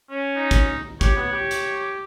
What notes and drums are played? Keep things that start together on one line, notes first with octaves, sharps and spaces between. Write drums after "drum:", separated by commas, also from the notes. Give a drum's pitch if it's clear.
C#4
D#4
drum: kick, hi-hat
G4 C#5, drum: kick, hi-hat
B3
G4
drum: hi-hat